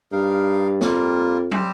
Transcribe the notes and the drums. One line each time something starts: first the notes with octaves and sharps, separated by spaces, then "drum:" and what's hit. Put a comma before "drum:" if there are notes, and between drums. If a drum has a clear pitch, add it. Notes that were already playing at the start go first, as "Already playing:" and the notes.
G2 D#4 A#4 F5
F2 G3 A#3 F4 A#4, drum: snare
G3 C4 G4 C5, drum: tom